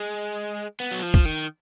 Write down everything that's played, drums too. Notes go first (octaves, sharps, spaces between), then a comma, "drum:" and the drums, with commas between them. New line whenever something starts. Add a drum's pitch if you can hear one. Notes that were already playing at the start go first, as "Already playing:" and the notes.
Already playing: G#3
B3
F#3
F3
drum: kick
D#3